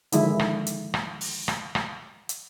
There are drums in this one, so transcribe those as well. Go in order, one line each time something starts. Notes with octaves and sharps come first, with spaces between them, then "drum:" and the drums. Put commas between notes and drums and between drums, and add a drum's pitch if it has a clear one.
D3 D#3 F3 G#3 E4, drum: hi-hat
drum: rim click
drum: hi-hat
drum: rim click
drum: open hi-hat
drum: rim click
drum: rim click
drum: hi-hat